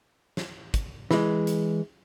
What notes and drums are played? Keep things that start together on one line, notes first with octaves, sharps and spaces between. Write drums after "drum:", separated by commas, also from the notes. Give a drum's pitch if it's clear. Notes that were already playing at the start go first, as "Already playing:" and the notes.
drum: snare
drum: kick, hi-hat
E3 G#3, drum: snare
drum: hi-hat